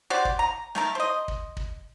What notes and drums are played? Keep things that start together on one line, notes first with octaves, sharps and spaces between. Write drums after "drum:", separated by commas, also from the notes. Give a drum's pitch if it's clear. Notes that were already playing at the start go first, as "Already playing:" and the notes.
F#4 G4 C5 D5
drum: kick
A#5
D#3 A3 A#4, drum: snare
C5 D#5
drum: kick
drum: kick